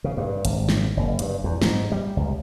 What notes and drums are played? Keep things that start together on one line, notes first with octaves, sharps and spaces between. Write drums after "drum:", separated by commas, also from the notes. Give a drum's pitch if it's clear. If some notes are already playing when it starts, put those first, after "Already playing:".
C#3
G2
G#1, drum: hi-hat
drum: snare
F#1
G2, drum: hi-hat
E2
G#2, drum: snare
G3
C#2